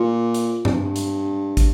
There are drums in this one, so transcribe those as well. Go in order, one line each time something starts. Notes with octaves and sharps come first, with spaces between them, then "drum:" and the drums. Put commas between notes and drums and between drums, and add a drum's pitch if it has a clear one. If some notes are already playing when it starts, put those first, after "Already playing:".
Already playing: A#2
drum: hi-hat
G2, drum: tom G2
drum: hi-hat
drum: kick, hi-hat